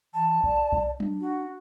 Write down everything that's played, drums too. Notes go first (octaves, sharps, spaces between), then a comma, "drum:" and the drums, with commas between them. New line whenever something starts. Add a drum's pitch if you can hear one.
E3 A5
D5, drum: kick B1
drum: kick B1
D4, drum: tom F#3
F#4